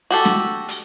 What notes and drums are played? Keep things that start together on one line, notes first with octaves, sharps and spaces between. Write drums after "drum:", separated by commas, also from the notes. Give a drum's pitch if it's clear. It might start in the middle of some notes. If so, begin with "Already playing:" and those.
F#4 G4 A4
drum: snare
drum: hi-hat